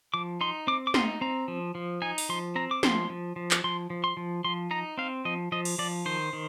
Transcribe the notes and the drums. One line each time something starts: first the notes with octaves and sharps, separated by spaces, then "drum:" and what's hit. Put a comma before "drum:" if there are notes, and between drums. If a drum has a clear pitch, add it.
F3 D6
D#4 C6
C4 D6
D6
D#4 C6, drum: snare
C4 A#5
F3
F3
D#4 G#5
drum: open hi-hat
F3 C6
C4 A#5
D6
F3 C6, drum: snare
F3
F3
drum: clap
F3 C6
F3
C6
F3
F3 C6
D#4 A#5
C4 F5
F3 D#5
F3 D#5
drum: cymbal
F3 D5
D#3 C5
D#3